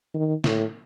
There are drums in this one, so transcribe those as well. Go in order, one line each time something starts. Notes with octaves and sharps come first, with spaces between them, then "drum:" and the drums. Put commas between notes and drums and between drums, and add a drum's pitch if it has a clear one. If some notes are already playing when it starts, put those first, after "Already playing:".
D#3
A2, drum: snare